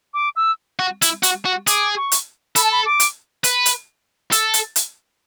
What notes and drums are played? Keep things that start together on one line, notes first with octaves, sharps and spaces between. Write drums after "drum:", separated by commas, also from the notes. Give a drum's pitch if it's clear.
D6
E6
F#4
E4, drum: hi-hat
F#4, drum: hi-hat
F#4
G#4 D6, drum: hi-hat
C#6
drum: hi-hat
A4 B5, drum: hi-hat
A5
B5
D6
drum: hi-hat
B4, drum: hi-hat
drum: hi-hat
A4, drum: hi-hat
drum: hi-hat
drum: hi-hat